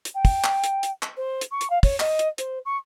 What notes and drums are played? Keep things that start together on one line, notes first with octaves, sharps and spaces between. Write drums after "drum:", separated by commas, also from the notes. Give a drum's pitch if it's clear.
drum: hi-hat
G5
drum: kick, open hi-hat
drum: clap
drum: hi-hat
drum: hi-hat
drum: clap
C5
drum: hi-hat
C#6
drum: hi-hat
F5
C#5, drum: kick, open hi-hat
D#5, drum: clap
drum: hi-hat
C5, drum: hi-hat
C#6